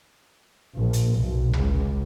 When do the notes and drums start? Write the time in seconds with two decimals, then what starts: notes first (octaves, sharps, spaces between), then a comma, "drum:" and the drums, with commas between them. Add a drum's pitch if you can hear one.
0.77 A#1
0.93 drum: hi-hat
1.17 B1
1.53 C#2, drum: tom G#1